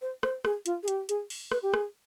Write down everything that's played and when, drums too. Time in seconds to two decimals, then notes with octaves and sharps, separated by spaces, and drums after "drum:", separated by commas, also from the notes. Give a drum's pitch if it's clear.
0.02 C5
0.23 C5, drum: rim click
0.45 G#4, drum: rim click
0.66 F4, drum: hi-hat
0.83 G#4
0.88 G4, drum: hi-hat
1.09 G#4, drum: hi-hat
1.30 drum: open hi-hat
1.52 B4, drum: rim click
1.63 G4
1.74 G#4, drum: rim click